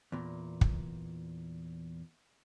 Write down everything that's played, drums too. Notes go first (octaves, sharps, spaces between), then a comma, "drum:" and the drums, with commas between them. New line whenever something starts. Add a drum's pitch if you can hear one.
E2 A#2
drum: kick